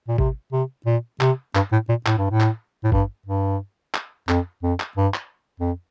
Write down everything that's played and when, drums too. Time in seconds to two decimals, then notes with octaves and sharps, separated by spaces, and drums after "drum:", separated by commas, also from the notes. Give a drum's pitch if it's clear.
0.08 A#2
0.18 C3, drum: kick G#1
0.52 C3
0.86 A#2
1.21 C3, drum: clap
1.55 G2, drum: clap
1.72 A2
1.89 A#2
2.06 A2, drum: clap
2.18 G2
2.30 A2
2.40 drum: clap
2.84 A2
2.92 G2, drum: kick G#1
3.26 G2
3.94 drum: clap
4.29 F2, drum: clap
4.63 F2
4.80 drum: clap
4.97 G2
5.14 drum: clap
5.60 F2